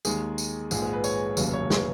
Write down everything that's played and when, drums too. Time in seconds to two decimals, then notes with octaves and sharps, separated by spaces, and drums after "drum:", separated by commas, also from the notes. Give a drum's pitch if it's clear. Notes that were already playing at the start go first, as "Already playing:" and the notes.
0.05 D#2 D#3 G#3 G#4, drum: tambourine
0.38 drum: tambourine
0.71 A#1 G#2 F3 G#3 G#4, drum: tambourine
0.82 G#4
0.93 B4
1.04 C#5, drum: tambourine
1.37 F1 D#2 C#3 F#3, drum: tambourine
1.53 C#5
1.70 B4, drum: snare